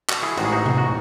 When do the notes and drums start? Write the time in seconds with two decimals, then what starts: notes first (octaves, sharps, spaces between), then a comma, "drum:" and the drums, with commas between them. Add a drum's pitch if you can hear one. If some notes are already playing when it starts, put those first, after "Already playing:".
0.09 F#4 A4, drum: clap
0.23 E4 G#4
0.37 A1 G#2 D#3 F#4, drum: cymbal
0.45 G#4
0.52 D#4 F#4
0.66 drum: tom C3
0.78 F#4